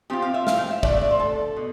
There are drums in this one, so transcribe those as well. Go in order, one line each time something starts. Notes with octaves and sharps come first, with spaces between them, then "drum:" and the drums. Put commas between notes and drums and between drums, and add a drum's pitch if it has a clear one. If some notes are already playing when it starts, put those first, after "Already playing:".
F3 C4 F4 G4
F5
E5
F5, drum: snare
G5
E5
D3 A3 D4 D5, drum: kick
E5
D5
C5
A4
B2